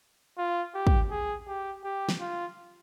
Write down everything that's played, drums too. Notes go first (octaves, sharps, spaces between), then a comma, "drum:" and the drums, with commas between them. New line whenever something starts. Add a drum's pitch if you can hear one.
F4
G4
drum: kick
G#4
G4
G4
drum: snare
F4